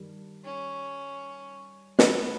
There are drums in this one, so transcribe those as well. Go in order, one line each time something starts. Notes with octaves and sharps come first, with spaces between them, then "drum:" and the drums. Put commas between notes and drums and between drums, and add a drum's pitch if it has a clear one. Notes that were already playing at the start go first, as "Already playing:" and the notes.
Already playing: G2 D#3 G3
C#4
B3, drum: snare